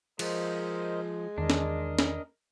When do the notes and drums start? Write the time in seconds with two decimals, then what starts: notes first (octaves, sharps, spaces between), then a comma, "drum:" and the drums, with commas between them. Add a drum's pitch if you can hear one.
0.19 F3 G#3 A#4 C5 D#5, drum: cymbal
1.38 E2 D#3 D4 A#4 D#5
1.50 drum: snare
1.99 drum: snare